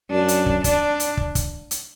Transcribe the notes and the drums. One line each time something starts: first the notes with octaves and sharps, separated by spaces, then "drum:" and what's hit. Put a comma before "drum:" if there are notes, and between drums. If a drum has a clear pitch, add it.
F#2 D4
drum: hi-hat
drum: kick
D4, drum: kick, hi-hat
drum: hi-hat
drum: kick
drum: kick, hi-hat
drum: hi-hat